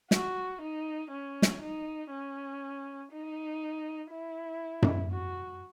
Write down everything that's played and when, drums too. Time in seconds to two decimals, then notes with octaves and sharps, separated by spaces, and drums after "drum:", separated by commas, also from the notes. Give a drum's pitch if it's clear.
0.11 F#4, drum: snare
0.61 D#4
1.11 C#4
1.42 drum: snare
1.61 D#4
2.11 C#4
3.12 D#4
4.11 E4
4.82 drum: tom F#2
5.12 F#4